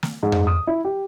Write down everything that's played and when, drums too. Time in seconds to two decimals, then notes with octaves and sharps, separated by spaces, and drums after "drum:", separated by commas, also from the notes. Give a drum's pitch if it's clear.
0.03 drum: snare
0.23 G#2
0.32 drum: tom F2
0.47 D#6
0.67 E4
0.85 G4